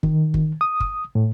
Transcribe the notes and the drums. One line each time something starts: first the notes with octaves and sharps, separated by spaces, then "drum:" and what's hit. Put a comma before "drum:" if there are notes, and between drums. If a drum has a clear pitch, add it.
D#3, drum: kick
drum: kick
D#6
drum: kick
A2